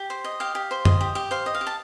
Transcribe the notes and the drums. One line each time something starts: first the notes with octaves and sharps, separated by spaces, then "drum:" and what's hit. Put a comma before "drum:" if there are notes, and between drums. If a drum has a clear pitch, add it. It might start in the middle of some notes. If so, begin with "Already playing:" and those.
Already playing: G4
C5
D#5
G4 F5
G4
C5
D#5, drum: tom F#2
G4
G4
C5 F5
D#5
F5
G4
A5